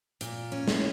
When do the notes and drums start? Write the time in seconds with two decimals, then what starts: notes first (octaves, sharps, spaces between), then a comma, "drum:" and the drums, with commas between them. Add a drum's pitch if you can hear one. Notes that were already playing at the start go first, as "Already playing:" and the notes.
0.21 A#2, drum: hi-hat
0.52 C#4
0.68 drum: snare